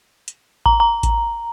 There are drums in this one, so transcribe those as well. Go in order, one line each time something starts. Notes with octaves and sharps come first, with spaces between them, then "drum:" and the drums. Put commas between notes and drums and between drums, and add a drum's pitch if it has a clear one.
drum: hi-hat
A#5, drum: kick A1
A#5
drum: kick A1, hi-hat